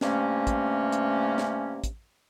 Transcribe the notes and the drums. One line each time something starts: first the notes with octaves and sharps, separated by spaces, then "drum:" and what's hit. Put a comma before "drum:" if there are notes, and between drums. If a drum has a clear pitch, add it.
G2 C3 A3 A#3 C#4, drum: snare
drum: kick, hi-hat
drum: hi-hat
drum: snare
drum: kick, hi-hat